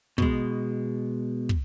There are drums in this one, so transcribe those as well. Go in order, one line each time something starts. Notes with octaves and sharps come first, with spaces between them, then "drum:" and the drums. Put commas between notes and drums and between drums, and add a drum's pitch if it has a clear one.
B2 G#3, drum: kick
drum: kick